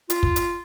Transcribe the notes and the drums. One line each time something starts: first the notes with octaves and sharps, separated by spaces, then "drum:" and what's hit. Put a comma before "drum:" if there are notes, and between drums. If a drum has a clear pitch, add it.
F4, drum: hi-hat
drum: kick
drum: hi-hat